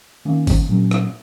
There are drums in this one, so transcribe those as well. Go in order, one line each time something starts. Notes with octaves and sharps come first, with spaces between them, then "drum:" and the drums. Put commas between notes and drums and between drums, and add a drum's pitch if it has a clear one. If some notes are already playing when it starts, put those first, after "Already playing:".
D#3 A#3 C#4
drum: kick G1, open hi-hat
A#2 F#3 C#4
drum: rim click